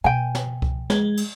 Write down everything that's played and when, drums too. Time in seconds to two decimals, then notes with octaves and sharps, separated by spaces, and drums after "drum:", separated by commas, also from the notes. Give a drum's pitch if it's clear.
0.04 B2 G5 G#5
0.35 drum: snare
0.62 drum: kick C2
0.90 G#3, drum: snare
1.17 drum: cymbal